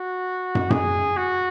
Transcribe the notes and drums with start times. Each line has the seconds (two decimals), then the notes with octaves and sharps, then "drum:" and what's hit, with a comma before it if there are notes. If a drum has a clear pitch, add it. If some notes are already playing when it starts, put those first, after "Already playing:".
Already playing: F#4
0.55 drum: tom
0.70 G#4, drum: tom
1.17 F#4